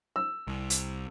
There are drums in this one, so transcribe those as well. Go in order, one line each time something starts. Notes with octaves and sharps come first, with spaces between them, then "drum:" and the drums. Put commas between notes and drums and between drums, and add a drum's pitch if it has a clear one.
E6
C2
drum: hi-hat